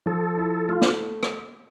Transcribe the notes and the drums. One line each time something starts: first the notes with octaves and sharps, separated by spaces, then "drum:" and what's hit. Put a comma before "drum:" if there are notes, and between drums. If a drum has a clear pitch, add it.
F3 A4
E4
A3 F4
D4, drum: snare
drum: rim click